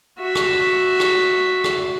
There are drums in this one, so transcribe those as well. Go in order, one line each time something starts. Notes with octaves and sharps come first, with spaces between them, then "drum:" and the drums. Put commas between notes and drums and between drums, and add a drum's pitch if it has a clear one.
F#4 E5
drum: rim click
drum: rim click
drum: rim click